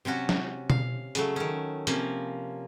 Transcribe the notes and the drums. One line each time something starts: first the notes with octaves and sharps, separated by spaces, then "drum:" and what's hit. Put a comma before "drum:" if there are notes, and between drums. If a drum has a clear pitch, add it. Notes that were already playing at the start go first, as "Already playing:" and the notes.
C3 F#3 C#4 F#4
drum: snare
F5, drum: tom B2
C#3 F#3 A3, drum: hi-hat
D#3 C#4
C3 F3 A#3 C#4, drum: hi-hat